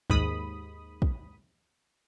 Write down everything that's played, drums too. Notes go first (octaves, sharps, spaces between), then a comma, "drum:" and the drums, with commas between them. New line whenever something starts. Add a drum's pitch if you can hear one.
D#2 G#2 B5 D#6, drum: kick
drum: kick